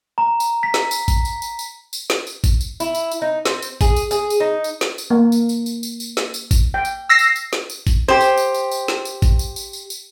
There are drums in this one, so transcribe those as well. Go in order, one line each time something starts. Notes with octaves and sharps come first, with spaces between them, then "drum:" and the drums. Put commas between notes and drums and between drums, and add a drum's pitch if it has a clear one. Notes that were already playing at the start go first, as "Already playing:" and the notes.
A#5
drum: tambourine
B6
drum: snare
drum: tambourine
drum: kick G#1, tambourine
drum: tambourine
drum: tambourine
drum: tambourine
drum: tambourine
drum: snare
drum: tambourine
drum: kick G#1, tambourine
drum: tambourine
E4, drum: tambourine
drum: tambourine
drum: tambourine
D#4
C4, drum: snare
drum: tambourine
G#4, drum: kick G#1, tambourine
drum: tambourine
G#4, drum: tambourine
drum: tambourine
D#4
drum: tambourine
drum: snare
drum: tambourine
A#3
drum: tambourine
drum: tambourine
drum: tambourine
drum: tambourine
drum: tambourine
drum: snare
drum: tambourine
drum: kick G#1, tambourine
G5
drum: tambourine
E6 A#6 C7
drum: tambourine
drum: tambourine
drum: snare
drum: tambourine
drum: kick G#1, tambourine
G4 C5
drum: tambourine
drum: tambourine
drum: tambourine
drum: tambourine
drum: snare
drum: tambourine
drum: kick G#1, tambourine
drum: tambourine
drum: tambourine
drum: tambourine
drum: tambourine